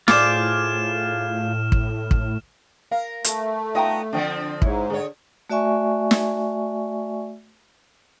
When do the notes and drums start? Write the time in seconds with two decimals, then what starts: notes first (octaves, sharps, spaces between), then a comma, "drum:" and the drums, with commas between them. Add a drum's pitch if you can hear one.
0.08 A2 F4 G#4 C5 D6 F6 E7, drum: snare
1.72 drum: kick
2.11 drum: kick
2.91 A#4 F5
3.24 A3, drum: hi-hat
3.75 B3 D#4 F4 D#5 G5 A#5
4.13 D3 F3 C4 D4 G5
4.62 G#2 E4 C#5, drum: kick
4.90 D3 G#4 C#5
5.50 A3 F#4 D5 E5 G#5 C#6
6.11 drum: snare